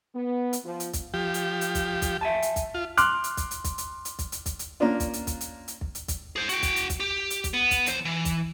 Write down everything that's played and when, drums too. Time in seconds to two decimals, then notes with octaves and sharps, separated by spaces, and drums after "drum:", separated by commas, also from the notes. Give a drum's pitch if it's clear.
0.15 B3
0.53 drum: hi-hat
0.64 F3
0.80 drum: hi-hat
0.93 drum: kick, hi-hat
1.14 F3 G4
1.34 drum: hi-hat
1.61 drum: hi-hat
1.75 drum: kick, hi-hat
2.02 drum: kick, hi-hat
2.21 E5 G#5 A5
2.42 drum: hi-hat
2.56 drum: kick, hi-hat
2.74 F4
2.97 C6 D6 F6 F#6, drum: hi-hat
3.24 drum: hi-hat
3.37 drum: kick, hi-hat
3.51 drum: hi-hat
3.64 drum: kick, hi-hat
3.78 drum: hi-hat
4.05 drum: hi-hat
4.19 drum: kick, hi-hat
4.32 drum: hi-hat
4.46 drum: kick, hi-hat
4.59 drum: hi-hat
4.80 A#3 C#4 D4 F4
5.00 drum: kick, hi-hat
5.13 drum: hi-hat
5.27 drum: kick, hi-hat
5.41 drum: hi-hat
5.68 drum: hi-hat
5.81 drum: kick
5.95 drum: hi-hat
6.08 drum: kick, hi-hat
6.36 G#4 C5
6.49 F#4 G5, drum: hi-hat
6.63 drum: kick, hi-hat
6.76 drum: hi-hat
6.90 drum: kick, hi-hat
7.00 G4
7.30 drum: hi-hat
7.44 drum: kick, hi-hat
7.54 B3
7.71 drum: kick, hi-hat
7.86 E2 C5, drum: hi-hat
8.05 E3
8.25 drum: kick, hi-hat